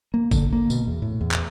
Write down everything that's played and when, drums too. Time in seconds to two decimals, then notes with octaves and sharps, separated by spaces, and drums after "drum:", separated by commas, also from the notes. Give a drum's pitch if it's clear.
0.14 A#3
0.31 D3, drum: kick G1, tambourine
0.53 A#3
0.70 B2, drum: tambourine
0.87 E2
1.02 A2
1.21 E2
1.31 drum: clap